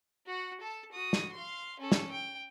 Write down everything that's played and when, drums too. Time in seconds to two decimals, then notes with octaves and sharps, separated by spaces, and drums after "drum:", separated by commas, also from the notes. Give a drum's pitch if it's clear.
0.27 F#4 F#5
0.61 A4 A5
0.92 F#4 D#6
1.13 drum: snare
1.33 F5 C6
1.79 C#4 A4
1.92 drum: snare
2.11 G5